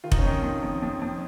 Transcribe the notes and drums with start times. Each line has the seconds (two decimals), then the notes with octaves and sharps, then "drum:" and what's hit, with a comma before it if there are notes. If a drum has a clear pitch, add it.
0.04 D#3 F4
0.12 D#4, drum: kick F1
0.19 C#4
0.23 F2 D#3 D#4
0.42 F2
0.62 F2
0.82 F2
1.01 F2